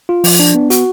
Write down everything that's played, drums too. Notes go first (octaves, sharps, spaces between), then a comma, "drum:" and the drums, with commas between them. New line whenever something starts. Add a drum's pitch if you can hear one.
F4
F3, drum: open hi-hat
D4
B3
F#4, drum: hi-hat